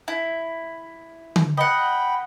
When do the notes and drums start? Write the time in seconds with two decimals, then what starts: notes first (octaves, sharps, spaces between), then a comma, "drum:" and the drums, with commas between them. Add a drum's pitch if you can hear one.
0.08 E4
1.36 drum: tom D3
1.57 D#5 F#5 G5 B5